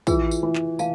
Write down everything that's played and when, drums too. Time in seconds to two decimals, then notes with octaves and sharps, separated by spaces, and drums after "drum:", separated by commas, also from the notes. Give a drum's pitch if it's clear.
0.07 E3 F4 G#4 B4, drum: kick, tambourine
0.31 drum: tambourine
0.43 E3
0.55 drum: clap
0.79 E3 F5 A5, drum: tambourine